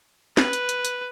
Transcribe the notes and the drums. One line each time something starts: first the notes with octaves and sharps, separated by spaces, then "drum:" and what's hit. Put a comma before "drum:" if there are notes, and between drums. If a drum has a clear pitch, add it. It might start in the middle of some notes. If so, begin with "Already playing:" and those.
B4, drum: snare
drum: hi-hat
drum: hi-hat
drum: hi-hat